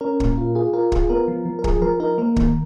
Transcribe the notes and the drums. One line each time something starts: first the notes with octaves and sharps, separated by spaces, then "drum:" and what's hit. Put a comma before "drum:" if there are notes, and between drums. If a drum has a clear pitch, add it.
C#4 A#4
A#2, drum: kick
F4
F4 G#4
F4 A#4
F4 G#4, drum: kick
B3 A#4
F3
F3
A#4
F3 G#4, drum: kick
F3 A#4
D#4 A#4
A#3 A#4
D#3, drum: kick